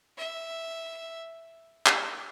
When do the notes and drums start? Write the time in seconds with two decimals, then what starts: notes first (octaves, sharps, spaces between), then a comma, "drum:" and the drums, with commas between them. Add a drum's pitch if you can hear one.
0.18 E5
1.86 drum: clap